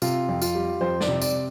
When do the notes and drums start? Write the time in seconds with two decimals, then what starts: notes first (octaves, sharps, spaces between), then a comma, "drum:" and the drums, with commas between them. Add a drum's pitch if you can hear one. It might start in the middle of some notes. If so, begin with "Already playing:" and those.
0.02 C3 F4, drum: tambourine
0.29 F2
0.42 F4, drum: tambourine
0.55 G3
0.81 F2 C5
1.01 D5, drum: snare
1.08 C3
1.21 D5, drum: tambourine